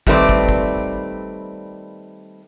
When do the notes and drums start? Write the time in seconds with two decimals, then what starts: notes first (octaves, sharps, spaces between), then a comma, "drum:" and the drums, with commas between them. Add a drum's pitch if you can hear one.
0.07 D#3 G3 A3 C4 B4 D5, drum: kick
0.29 drum: kick
0.49 drum: kick